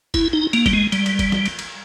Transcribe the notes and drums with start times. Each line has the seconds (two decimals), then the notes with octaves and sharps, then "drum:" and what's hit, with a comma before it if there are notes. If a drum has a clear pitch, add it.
0.14 E4, drum: kick, cymbal
0.33 D#4
0.53 A#3, drum: cymbal
0.66 G3, drum: kick, cymbal
0.73 G#3
0.92 G3, drum: cymbal
1.06 drum: cymbal
1.19 drum: kick, cymbal
1.32 drum: snare
1.46 drum: cymbal
1.59 drum: cymbal